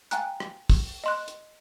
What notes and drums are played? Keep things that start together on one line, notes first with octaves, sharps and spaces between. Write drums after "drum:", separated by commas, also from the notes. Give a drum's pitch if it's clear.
F5 G5 G#5 A#5 F#6, drum: hi-hat
drum: rim click
drum: kick, open hi-hat
D#5 C6 F#6
drum: hi-hat